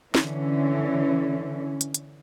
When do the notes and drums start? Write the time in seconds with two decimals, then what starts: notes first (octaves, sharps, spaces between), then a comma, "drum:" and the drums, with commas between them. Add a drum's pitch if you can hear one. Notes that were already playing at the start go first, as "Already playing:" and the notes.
0.15 D3 E3 C#4, drum: snare
1.81 drum: hi-hat
1.94 drum: hi-hat